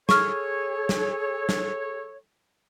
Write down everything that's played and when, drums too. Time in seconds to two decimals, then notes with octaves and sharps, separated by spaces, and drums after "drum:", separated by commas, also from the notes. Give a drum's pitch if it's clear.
0.09 G#4 A4 C#5 C#6 F6, drum: snare
0.89 drum: snare
1.49 drum: snare